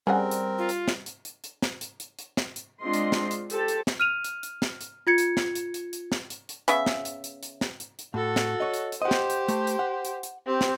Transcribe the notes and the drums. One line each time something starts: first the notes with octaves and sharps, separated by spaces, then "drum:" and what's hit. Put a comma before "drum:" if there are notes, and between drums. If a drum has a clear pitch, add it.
G3 C4 C#4 G#4 A#4 F#5
drum: hi-hat
F4
drum: hi-hat
drum: snare
drum: hi-hat
drum: hi-hat
drum: hi-hat
drum: snare
drum: hi-hat
drum: hi-hat
drum: hi-hat
drum: snare
drum: hi-hat
G#3 C4 D4 F4 D#5 C6
drum: hi-hat
drum: snare
drum: hi-hat
G4 A4 C5, drum: hi-hat
drum: hi-hat
drum: snare
F6 D#7 F7
drum: hi-hat
drum: hi-hat
drum: snare
drum: hi-hat
F4 G#6 C#7
drum: hi-hat
drum: snare
drum: hi-hat
drum: hi-hat
drum: hi-hat
drum: snare
drum: hi-hat
drum: hi-hat
C#3 B3 E5, drum: hi-hat
drum: snare
drum: hi-hat
drum: hi-hat
drum: hi-hat
drum: snare
drum: hi-hat
drum: hi-hat
A2 F#4 A4
drum: snare
C#5 D#5
drum: hi-hat
drum: hi-hat
G4 C5 D#5 F#5
drum: snare
drum: hi-hat
A3, drum: hi-hat
drum: hi-hat
F#5
drum: hi-hat
drum: hi-hat
C4 G4
drum: snare